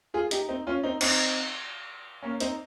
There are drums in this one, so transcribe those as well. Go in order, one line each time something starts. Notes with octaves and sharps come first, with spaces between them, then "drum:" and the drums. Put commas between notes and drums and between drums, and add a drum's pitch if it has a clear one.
F4 G#4
D#4 G4, drum: hi-hat
C4 D#4
C#4 F4
C4 D#4
C4 D#4, drum: cymbal
A#3 C#4
C4 D#4, drum: hi-hat